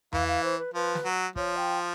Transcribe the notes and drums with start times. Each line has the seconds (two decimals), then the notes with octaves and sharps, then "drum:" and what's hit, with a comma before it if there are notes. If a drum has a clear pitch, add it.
0.13 E3 F5, drum: tom E2
0.28 F5
0.44 C5
0.59 B4
0.74 F3 B4
0.95 drum: snare
1.05 F#3
1.36 F3 C#5, drum: kick
1.57 G5